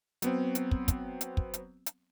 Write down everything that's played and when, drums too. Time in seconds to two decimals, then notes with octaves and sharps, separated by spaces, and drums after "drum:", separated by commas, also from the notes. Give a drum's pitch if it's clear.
0.22 F#3 B3 C4, drum: hi-hat
0.55 drum: hi-hat
0.71 drum: kick
0.88 drum: kick, hi-hat
1.21 drum: hi-hat
1.37 drum: kick
1.54 drum: hi-hat
1.86 drum: hi-hat